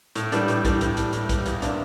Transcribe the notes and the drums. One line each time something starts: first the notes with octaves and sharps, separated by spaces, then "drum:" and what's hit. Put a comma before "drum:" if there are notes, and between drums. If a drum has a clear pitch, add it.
A2, drum: hi-hat
E3 G3 D4, drum: hi-hat
A2, drum: hi-hat
E3 G3 D4, drum: kick, hi-hat
A2, drum: hi-hat
E3 G3, drum: hi-hat
A2, drum: hi-hat
E3 G3, drum: kick, hi-hat
E2, drum: hi-hat
C3 E3 A#3 D4, drum: hi-hat